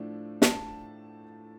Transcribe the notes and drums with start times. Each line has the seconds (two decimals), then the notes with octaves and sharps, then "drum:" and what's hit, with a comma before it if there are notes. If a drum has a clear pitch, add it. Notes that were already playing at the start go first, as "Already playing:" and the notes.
Already playing: A2 F3 A3 D4
0.42 A5, drum: snare